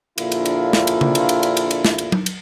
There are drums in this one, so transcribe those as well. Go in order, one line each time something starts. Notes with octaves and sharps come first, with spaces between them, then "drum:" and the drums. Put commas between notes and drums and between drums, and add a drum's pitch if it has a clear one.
A#1 A#2 D3 E4 F4, drum: cymbal
drum: cymbal
drum: cymbal
drum: snare
drum: cymbal
drum: tom C#3
drum: cymbal
drum: cymbal
drum: cymbal
drum: cymbal
drum: cymbal
drum: snare
drum: cymbal
drum: tom
drum: cymbal